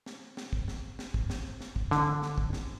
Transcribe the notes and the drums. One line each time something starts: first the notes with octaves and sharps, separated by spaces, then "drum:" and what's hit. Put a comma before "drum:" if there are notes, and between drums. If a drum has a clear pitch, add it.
drum: snare
drum: snare
drum: kick
drum: snare
drum: snare
drum: kick
drum: snare
drum: snare
drum: kick
D3, drum: snare
drum: snare
drum: kick
drum: snare